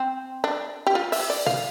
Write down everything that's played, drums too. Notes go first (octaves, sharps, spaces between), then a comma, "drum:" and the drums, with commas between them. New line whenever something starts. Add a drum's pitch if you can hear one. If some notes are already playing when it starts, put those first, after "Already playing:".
Already playing: C4
D4
G4
F4
E5, drum: open hi-hat
D5
F5, drum: tom